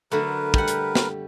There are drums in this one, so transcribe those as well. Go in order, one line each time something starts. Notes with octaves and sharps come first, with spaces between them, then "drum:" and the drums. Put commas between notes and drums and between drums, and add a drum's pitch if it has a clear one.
D3 F#3 A3 A#4 B4
G3 F#5, drum: kick
drum: hi-hat
drum: snare